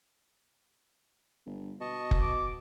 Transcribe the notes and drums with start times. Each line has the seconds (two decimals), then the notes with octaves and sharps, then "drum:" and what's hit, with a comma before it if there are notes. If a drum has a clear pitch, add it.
1.46 G1
1.81 B2 D#5 A5 C#6
2.11 drum: kick
2.22 D6